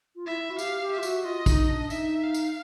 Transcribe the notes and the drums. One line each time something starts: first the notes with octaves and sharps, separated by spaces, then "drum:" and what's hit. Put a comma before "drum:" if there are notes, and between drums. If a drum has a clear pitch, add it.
F4
E4 E5
F#4
G4 F5, drum: tambourine
G4
E5
F4
F#4, drum: tambourine
F4 D#5
D#4, drum: kick, tambourine
D4
D#4 E5, drum: tambourine
F5
drum: tambourine